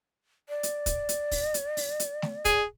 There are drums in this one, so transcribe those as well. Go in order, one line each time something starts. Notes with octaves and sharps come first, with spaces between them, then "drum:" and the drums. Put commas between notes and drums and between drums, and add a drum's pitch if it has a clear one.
D5
drum: hi-hat
drum: kick, hi-hat
drum: hi-hat
drum: kick, open hi-hat
drum: hi-hat
drum: open hi-hat
drum: hi-hat
drum: snare A3
G#4, drum: kick, hi-hat